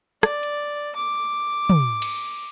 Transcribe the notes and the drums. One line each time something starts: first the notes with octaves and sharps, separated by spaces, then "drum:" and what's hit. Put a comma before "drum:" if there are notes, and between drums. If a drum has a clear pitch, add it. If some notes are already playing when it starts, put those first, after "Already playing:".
D5, drum: rim click
drum: hi-hat
D6
drum: tom
drum: cymbal